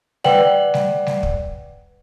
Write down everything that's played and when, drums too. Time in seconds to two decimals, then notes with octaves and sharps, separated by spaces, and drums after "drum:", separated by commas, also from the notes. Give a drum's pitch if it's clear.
0.24 B4 D5 F#5 G5 F#7, drum: snare G3
0.74 drum: snare G3
1.06 drum: snare G3
1.23 drum: kick